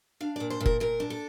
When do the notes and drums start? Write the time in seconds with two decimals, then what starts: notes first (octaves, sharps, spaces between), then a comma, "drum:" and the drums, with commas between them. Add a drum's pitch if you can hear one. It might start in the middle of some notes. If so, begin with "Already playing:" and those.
0.21 D4 F5
0.36 A#2 D5
0.50 C5
0.60 A#2
0.66 A#4, drum: kick
0.80 A#2 A#4
1.00 D4
1.10 A4